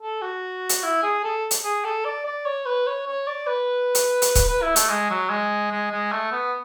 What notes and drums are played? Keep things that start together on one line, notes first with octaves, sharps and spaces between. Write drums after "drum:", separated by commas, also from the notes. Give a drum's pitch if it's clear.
A4
F#4
drum: hi-hat
E4
G#4
A4
drum: hi-hat
G#4
A4
D5
D5
C#5
B4
C#5
C#5
D5
B4
drum: hi-hat
drum: hi-hat
drum: kick C#1, hi-hat
B4
E4
A3, drum: hi-hat
G#3
F#3
G#3
G#3
G#3
A3
B3